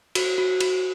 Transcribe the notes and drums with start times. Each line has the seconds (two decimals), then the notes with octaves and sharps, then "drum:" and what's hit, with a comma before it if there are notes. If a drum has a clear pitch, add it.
0.15 F#4, drum: cymbal
0.38 F#4
0.61 F#4, drum: cymbal